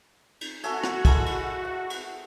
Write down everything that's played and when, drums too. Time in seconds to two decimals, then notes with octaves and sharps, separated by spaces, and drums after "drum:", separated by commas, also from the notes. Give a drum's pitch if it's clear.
0.41 drum: cymbal
0.63 A3 F#4 E5 G#5, drum: cymbal
0.84 drum: rim click
1.05 G#3 E4 A4, drum: kick, cymbal
1.26 drum: cymbal
1.65 F#5
1.90 drum: cymbal